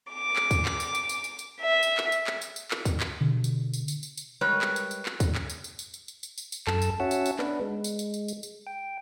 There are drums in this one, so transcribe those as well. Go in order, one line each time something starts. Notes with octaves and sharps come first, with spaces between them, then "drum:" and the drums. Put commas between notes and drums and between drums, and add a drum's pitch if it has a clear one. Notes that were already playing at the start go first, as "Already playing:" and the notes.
D6
drum: clap
drum: kick, tambourine
drum: clap
drum: tambourine
drum: tambourine
drum: tambourine
drum: tambourine
drum: tambourine
E5
drum: tambourine
drum: clap
drum: tambourine
drum: clap
drum: tambourine
drum: tambourine
drum: clap
drum: kick, tambourine
drum: clap
B2 D3
drum: tambourine
drum: tambourine
drum: tambourine
drum: tambourine
drum: tambourine
G3 G#3 A#4 B4 C#5
drum: clap
drum: tambourine
drum: tambourine
drum: clap
drum: kick, tambourine
drum: clap
drum: tambourine
drum: tambourine
drum: tambourine
drum: tambourine
drum: tambourine
drum: tambourine
drum: tambourine
drum: tambourine
F#2 A4 A5, drum: clap
drum: tambourine
C#4 F#4 C#5 E5 F#5 A5
drum: tambourine
drum: tambourine
B3 D4 B4, drum: clap
G#3
drum: tambourine
drum: tambourine
drum: tambourine
drum: tambourine
drum: tambourine
G5